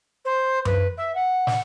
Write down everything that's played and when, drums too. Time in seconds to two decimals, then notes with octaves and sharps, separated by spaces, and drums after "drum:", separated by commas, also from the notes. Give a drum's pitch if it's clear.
0.25 C5
0.65 B4, drum: tom F#2
0.97 E5
1.14 F#5
1.47 drum: snare